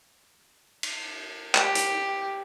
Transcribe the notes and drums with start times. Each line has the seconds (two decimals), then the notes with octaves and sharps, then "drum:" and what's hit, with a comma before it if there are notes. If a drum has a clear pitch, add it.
0.83 drum: cymbal
1.55 G4, drum: clap
1.75 drum: hi-hat